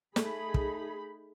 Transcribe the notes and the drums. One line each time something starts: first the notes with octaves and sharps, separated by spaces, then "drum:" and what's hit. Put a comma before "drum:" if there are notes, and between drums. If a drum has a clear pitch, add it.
A3 D#4 G#4 B5, drum: snare
drum: kick